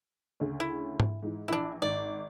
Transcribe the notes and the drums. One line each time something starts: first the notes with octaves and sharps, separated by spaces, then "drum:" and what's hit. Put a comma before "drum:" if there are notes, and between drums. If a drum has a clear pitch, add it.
D2 C#3 C#4
E4
drum: tom G#2
G#2 E3
A#1 E3 D4 E4
G#1 D5